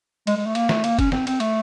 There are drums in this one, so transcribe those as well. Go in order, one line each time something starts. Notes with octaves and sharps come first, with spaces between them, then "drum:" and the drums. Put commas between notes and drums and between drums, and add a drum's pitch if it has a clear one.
G#3, drum: cymbal
G#3
A3
A#3, drum: cymbal
A3, drum: snare
A#3, drum: cymbal
C#4, drum: kick, cymbal
C4, drum: snare
C4, drum: cymbal
A3, drum: cymbal